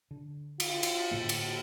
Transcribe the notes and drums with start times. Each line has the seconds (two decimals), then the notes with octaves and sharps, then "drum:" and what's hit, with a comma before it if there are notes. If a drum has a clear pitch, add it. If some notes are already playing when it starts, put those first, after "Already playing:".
0.11 D3
0.60 F4, drum: cymbal
0.83 drum: cymbal
1.11 A2 D3 A#3
1.29 drum: cymbal